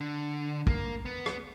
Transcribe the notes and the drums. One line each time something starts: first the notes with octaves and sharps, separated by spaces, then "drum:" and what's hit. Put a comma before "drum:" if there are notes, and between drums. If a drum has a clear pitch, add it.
D3
A#3, drum: kick
B3
drum: rim click